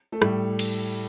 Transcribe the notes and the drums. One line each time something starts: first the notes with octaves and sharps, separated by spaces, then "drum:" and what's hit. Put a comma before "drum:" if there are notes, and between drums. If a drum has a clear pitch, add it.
A3 A4
A2 G3, drum: rim click
drum: cymbal